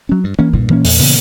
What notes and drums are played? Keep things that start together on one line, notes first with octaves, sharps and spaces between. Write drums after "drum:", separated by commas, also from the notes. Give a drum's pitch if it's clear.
F#3 C#4
G2
E3 A#3 C#4
G2 A#2
E3 A#3 C#4
E2, drum: open hi-hat
C#3 E3 B3, drum: open hi-hat